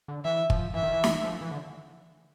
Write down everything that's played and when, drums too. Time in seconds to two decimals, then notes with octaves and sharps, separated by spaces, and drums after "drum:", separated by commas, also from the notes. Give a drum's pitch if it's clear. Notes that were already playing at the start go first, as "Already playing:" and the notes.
0.08 D3
0.25 E3 E5
0.50 F3, drum: kick
0.74 E3 E5
0.83 D#3
0.92 E3
1.04 drum: snare
1.24 F3
1.41 E3
1.51 D3